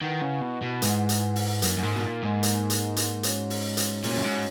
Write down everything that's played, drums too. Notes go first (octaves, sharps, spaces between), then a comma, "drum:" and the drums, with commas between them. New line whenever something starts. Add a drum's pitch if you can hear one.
D#3 E4 B4 F#5
C#3
B2
B2
G#2 E4 B4 F#5, drum: hi-hat
drum: hi-hat
drum: open hi-hat
F#2 A#3 D#4 A#4, drum: hi-hat
F#2
G#2
B2
A#2
G#2
A#3 D#4 A#4, drum: hi-hat
drum: hi-hat
drum: hi-hat
C#4 F#4 C#5, drum: hi-hat
drum: open hi-hat
drum: hi-hat
A#2 C#4 F#4 C#5, drum: open hi-hat
F#2
G#2